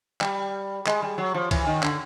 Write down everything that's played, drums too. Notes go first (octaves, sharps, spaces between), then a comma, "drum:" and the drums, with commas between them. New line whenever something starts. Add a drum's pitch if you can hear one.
G3, drum: clap
G#3, drum: clap
G3
F#3
F3
E3, drum: kick C#2, cymbal
D#3
D3, drum: clap